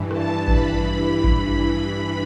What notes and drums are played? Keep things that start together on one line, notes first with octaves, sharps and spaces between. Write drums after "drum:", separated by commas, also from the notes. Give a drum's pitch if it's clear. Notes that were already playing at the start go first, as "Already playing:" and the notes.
Already playing: G2 E3
A5, drum: rim click
G2 E3 B5, drum: kick A1
drum: kick A1